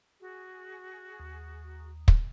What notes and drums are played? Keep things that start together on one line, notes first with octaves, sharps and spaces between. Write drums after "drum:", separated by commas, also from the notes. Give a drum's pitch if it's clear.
F#4 G#4
D#2
drum: kick